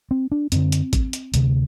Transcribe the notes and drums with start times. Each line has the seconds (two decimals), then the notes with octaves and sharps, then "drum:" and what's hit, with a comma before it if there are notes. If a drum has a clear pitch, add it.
0.11 C4
0.32 D4
0.52 F#2 D3 C4, drum: hi-hat
0.72 drum: hi-hat
0.93 drum: kick G#1, hi-hat
1.13 drum: hi-hat
1.34 D2 C3, drum: hi-hat